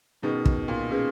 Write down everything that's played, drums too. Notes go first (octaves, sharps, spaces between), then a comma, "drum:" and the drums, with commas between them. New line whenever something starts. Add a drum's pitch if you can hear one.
B2 D#3 C#4 G#4 B4
drum: kick
A#2
C#4 G#4 B4